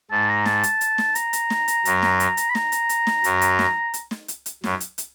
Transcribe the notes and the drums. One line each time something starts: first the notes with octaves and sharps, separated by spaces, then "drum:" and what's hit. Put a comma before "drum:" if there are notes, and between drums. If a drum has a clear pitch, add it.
G#2 A5
A#5
A5, drum: snare
drum: hi-hat
drum: hi-hat
drum: snare
A#5, drum: hi-hat
drum: hi-hat
drum: snare
drum: hi-hat
F#2, drum: hi-hat
drum: snare
drum: hi-hat
drum: hi-hat
B5
A#5, drum: snare
drum: hi-hat
drum: hi-hat
drum: snare
F#2, drum: hi-hat
drum: hi-hat
drum: snare
drum: hi-hat
drum: snare
drum: hi-hat
drum: hi-hat
F#2, drum: snare
drum: hi-hat
drum: hi-hat